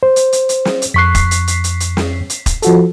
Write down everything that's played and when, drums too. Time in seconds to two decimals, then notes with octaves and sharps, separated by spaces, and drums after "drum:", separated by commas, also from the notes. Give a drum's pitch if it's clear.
0.03 C5
0.16 drum: hi-hat
0.33 drum: hi-hat
0.49 drum: hi-hat
0.65 drum: snare
0.82 drum: hi-hat
0.94 F2 C#6 F#6 B6 C7
1.15 drum: kick, hi-hat
1.31 drum: hi-hat
1.47 drum: hi-hat
1.64 drum: hi-hat
1.80 drum: hi-hat
1.97 drum: snare
2.30 drum: hi-hat
2.46 drum: kick, hi-hat
2.62 F3 F#4 A4, drum: hi-hat